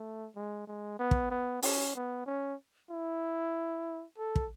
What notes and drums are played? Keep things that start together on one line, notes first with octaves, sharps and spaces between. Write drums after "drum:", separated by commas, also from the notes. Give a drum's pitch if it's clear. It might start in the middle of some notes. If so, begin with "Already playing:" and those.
Already playing: A3
G#3
G#3
B3
drum: kick
B3
C#4, drum: open hi-hat
B3
C#4
E4
A4
drum: kick